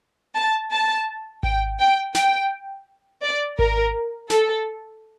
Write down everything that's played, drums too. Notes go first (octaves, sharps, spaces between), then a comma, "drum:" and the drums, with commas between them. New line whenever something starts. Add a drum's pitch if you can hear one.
A5
A5
G5, drum: kick G#1
G5
G5, drum: snare
D5
A#4, drum: kick G#1
A4, drum: snare